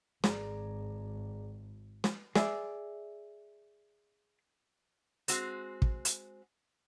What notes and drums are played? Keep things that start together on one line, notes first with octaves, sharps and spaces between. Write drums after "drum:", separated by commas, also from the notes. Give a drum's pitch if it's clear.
G#1 G#4 D5 A#5, drum: snare
drum: snare
G#4 D5 E5, drum: snare
G#3 C4 F#4, drum: hi-hat
drum: kick
drum: hi-hat